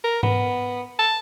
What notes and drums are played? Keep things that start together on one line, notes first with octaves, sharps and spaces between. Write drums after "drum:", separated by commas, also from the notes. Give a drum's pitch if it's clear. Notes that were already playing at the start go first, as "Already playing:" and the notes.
A#4
B3, drum: tom G#2
A5